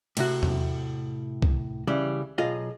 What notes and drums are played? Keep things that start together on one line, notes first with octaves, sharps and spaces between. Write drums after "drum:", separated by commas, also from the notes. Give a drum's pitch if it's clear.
A2 C3 F#4, drum: cymbal
drum: tom
drum: kick C#2
C#3 E3 G3
B1 F4 G#4 D#5